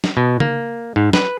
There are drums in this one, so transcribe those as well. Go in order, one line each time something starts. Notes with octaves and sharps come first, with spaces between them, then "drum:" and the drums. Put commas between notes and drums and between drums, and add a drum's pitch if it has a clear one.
drum: snare
B2
A#3, drum: tom C#3
G#2
B4, drum: snare